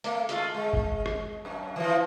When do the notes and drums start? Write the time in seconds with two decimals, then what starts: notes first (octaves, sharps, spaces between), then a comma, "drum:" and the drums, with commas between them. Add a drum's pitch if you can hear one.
0.04 A3 A#3, drum: hi-hat
0.29 G#3 A3 F4, drum: hi-hat
0.54 G#3
0.73 drum: kick F#1
1.06 drum: rim click
1.45 F#2
1.76 E3 F3